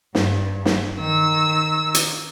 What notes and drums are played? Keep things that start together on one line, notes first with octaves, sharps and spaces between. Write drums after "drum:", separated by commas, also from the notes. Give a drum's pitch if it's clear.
G2, drum: snare
drum: snare
D#3 E6
drum: hi-hat